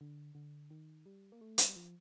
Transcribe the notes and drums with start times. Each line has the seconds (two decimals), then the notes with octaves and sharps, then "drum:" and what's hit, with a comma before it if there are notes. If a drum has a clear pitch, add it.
0.01 D3
0.35 D3
0.70 D#3
1.06 G3
1.32 A#3
1.41 A3
1.58 G3, drum: hi-hat
1.69 G3
1.76 F3